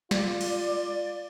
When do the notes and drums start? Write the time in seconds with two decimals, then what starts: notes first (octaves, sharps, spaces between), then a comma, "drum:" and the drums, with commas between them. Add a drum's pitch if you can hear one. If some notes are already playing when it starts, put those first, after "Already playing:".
0.11 F4 D5, drum: snare
0.41 drum: cymbal